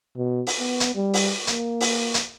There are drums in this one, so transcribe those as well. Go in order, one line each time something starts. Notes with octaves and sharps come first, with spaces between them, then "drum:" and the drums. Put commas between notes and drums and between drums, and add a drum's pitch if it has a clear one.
B2
drum: open hi-hat
B3
drum: hi-hat
G3
drum: open hi-hat
A#3, drum: hi-hat
drum: open hi-hat
drum: hi-hat